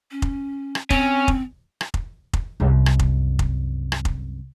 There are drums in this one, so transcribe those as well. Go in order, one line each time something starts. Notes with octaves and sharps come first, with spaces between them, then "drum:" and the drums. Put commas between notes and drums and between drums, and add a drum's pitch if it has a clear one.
C#4
drum: kick F1
drum: rim click
C4 C#4, drum: kick F1
drum: kick F1
drum: rim click
drum: kick F1
drum: kick F1
C2 F#2
drum: rim click
drum: kick F1
drum: kick F1
drum: rim click
drum: kick F1